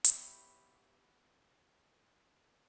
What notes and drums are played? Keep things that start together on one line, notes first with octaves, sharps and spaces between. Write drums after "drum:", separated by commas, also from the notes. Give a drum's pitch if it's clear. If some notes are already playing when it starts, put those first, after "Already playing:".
B3 E4 G4 C#5, drum: hi-hat